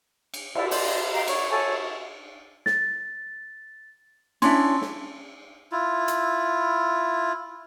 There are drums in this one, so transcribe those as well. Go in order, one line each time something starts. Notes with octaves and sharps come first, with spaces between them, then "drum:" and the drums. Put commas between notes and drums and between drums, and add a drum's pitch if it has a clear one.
drum: cymbal
E4 D5, drum: cymbal
C5 D5 D#5 G6, drum: open hi-hat
G4 D#5 F5 A#5
C#5 D5, drum: cymbal
A4 C#5 G#5
A6, drum: snare
C#4 D4 E4 C6, drum: cymbal
drum: snare
E4 F4
drum: hi-hat